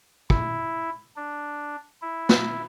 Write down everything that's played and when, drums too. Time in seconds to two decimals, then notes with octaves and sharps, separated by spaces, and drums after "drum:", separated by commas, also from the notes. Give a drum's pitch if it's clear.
0.30 E4, drum: kick
1.16 D4
2.02 E4
2.29 drum: snare